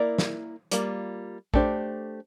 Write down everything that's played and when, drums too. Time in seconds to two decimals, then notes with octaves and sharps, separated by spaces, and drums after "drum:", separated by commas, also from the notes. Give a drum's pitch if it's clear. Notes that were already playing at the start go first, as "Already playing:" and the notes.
Already playing: A#3 E4 A#4 D5
0.18 drum: snare
0.72 G3 A#3 F4, drum: hi-hat
1.54 A3 D4 G4 C5, drum: kick